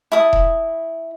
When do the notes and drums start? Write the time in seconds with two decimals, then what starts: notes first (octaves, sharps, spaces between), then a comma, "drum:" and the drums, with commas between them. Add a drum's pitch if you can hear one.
0.12 E4 A5 D#6
0.33 drum: kick E1